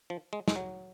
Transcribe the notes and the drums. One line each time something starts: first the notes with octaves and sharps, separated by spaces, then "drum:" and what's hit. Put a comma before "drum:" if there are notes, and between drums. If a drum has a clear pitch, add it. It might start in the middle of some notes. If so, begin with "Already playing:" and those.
F3
G#3
G#3, drum: snare
F#3